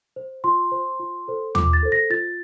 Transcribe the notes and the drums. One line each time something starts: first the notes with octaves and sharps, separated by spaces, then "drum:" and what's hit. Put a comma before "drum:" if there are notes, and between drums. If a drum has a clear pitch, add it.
C5
F4 C6
C5
F4
A4 C5
F4 D6, drum: tom
A6
A4 C5
A#6
F4 A6